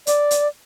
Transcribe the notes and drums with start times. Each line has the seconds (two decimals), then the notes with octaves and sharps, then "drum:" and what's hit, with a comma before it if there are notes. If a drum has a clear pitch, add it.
0.07 D5, drum: hi-hat
0.31 drum: hi-hat